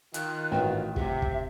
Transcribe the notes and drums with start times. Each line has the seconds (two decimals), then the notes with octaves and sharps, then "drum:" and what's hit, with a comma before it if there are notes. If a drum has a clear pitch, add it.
0.14 D#3 F4 F#6, drum: hi-hat
0.52 A1 F#4 B4 G5
0.96 C3 G4 E5, drum: kick
1.22 drum: kick